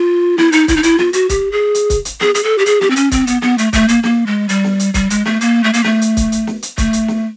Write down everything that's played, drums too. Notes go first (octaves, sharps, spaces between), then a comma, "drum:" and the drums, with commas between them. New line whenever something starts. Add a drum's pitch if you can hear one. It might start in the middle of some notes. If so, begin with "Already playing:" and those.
Already playing: F4
E4, drum: snare
D#4, drum: hi-hat
E4, drum: kick, hi-hat
D#4
E4, drum: hi-hat
F4, drum: snare
F#4, drum: hi-hat
G4, drum: kick, hi-hat
G#4
drum: hi-hat
drum: kick, hi-hat
drum: hi-hat
G#4, drum: snare
G#4, drum: hi-hat
A4
G4
G#4, drum: hi-hat
G4, drum: snare
C4
C#4, drum: hi-hat
C4, drum: kick, hi-hat
B3, drum: hi-hat
B3, drum: snare
A3, drum: hi-hat
A3, drum: kick, hi-hat
A#3, drum: hi-hat
A#3, drum: snare
G#3
G3, drum: hi-hat
drum: snare
drum: hi-hat
G3, drum: kick, hi-hat
G#3, drum: hi-hat
A3, drum: snare
A#3, drum: hi-hat
A3
A#3, drum: hi-hat
A3, drum: snare
drum: hi-hat
drum: kick, hi-hat
drum: hi-hat
drum: snare
drum: hi-hat
A3, drum: kick, hi-hat
drum: hi-hat
drum: snare